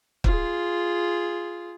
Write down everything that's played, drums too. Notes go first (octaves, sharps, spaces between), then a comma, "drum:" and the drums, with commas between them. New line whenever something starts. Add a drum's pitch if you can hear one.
F4 G#4, drum: kick